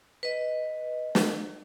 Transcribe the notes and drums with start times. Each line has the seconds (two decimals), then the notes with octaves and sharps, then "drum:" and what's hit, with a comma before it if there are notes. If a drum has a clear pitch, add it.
0.23 B4 D#5
1.15 drum: snare